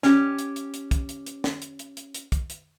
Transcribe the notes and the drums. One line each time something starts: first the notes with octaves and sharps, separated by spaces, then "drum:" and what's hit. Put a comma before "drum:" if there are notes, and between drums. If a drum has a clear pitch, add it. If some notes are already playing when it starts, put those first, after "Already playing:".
C#4 G4, drum: snare
drum: hi-hat
drum: hi-hat
drum: hi-hat
drum: kick, hi-hat
drum: hi-hat
drum: hi-hat
drum: snare
drum: hi-hat
drum: hi-hat
drum: hi-hat
drum: hi-hat
drum: kick, hi-hat
drum: hi-hat